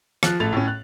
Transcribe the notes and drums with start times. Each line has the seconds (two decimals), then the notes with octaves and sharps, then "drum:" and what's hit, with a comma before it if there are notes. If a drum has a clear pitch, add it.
0.23 F3 F#6, drum: rim click
0.40 A1 A3 A6 F7
0.53 A2 C#4
0.68 F#6